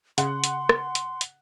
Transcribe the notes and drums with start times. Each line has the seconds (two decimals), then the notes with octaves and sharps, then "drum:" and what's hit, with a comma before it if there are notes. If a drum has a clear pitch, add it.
0.18 C#3 F#5 C6, drum: hi-hat
0.44 drum: hi-hat
0.69 drum: rim click
0.95 drum: hi-hat
1.21 drum: hi-hat